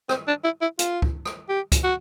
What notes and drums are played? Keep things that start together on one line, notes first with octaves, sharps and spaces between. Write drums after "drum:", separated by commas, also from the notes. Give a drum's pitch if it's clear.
C4, drum: rim click
D4
E4
E4
F4, drum: hi-hat
drum: kick
drum: rim click
G4
drum: kick, hi-hat
F#4